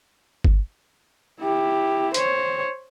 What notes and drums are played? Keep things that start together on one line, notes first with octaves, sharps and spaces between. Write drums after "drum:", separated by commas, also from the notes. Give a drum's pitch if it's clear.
drum: kick G1
E4 G4
C5 C#5, drum: hi-hat